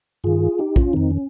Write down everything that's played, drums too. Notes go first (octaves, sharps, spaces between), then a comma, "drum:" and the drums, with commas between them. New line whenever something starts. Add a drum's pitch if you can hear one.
G2 D#3 F4 G#4
D#4 G4
C#4 F4, drum: kick
F2 D#3 C4 D#4
C#4